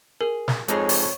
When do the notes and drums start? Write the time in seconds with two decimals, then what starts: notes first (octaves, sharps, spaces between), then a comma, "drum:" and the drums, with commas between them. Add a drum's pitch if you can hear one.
0.21 G#4 A#4
0.48 drum: snare
0.68 F2 G#3 D#4 G#4 C#5, drum: hi-hat
0.89 drum: open hi-hat